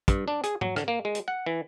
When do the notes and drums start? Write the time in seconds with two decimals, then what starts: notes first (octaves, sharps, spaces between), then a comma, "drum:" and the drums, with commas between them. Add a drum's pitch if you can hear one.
0.08 G2, drum: kick, hi-hat
0.28 D4
0.44 G#4, drum: hi-hat
0.61 F#3, drum: tom G#2
0.76 D3, drum: rim click
0.88 A#3
1.05 G#3
1.15 drum: hi-hat
1.28 F#5
1.46 E3